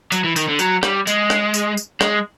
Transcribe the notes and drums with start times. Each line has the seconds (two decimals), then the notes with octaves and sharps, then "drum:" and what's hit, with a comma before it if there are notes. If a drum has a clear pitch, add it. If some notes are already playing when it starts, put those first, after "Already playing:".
0.12 F#3, drum: tambourine
0.24 E3
0.36 D#3, drum: tambourine
0.48 D3
0.59 F#3, drum: tambourine
0.83 G3, drum: rim click
1.07 G#3, drum: tambourine
1.30 drum: rim click
1.54 drum: tambourine
1.77 drum: tambourine
2.01 G#3, drum: rim click